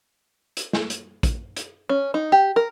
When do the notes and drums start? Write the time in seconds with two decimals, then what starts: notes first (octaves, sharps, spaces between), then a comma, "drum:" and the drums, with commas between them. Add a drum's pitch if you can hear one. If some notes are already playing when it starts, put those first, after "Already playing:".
0.57 drum: hi-hat
0.73 drum: snare
0.90 drum: hi-hat
1.23 drum: kick, hi-hat
1.57 drum: hi-hat
1.89 C#4
2.14 D#4
2.32 G4
2.56 A#4